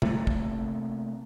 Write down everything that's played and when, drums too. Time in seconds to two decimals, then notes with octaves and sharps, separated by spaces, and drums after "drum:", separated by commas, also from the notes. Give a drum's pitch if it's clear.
0.02 C3 A3 A#3, drum: tom
0.27 drum: kick